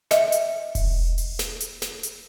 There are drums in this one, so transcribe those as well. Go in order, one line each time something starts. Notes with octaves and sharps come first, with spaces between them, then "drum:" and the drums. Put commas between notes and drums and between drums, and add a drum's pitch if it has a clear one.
D#5 E5, drum: snare
drum: hi-hat
drum: kick E1, open hi-hat
drum: open hi-hat
drum: snare
drum: hi-hat
drum: snare
drum: hi-hat